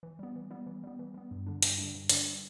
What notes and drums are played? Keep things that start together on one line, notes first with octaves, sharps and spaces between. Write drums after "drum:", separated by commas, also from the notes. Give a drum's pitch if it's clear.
E3
G3 B3
E3
G3 B3
E3
G3 B3
E3
G3 B3
G2
D3 G3 D4
G2, drum: hi-hat
D3 G3 D4
G2
D3 G3 D4, drum: hi-hat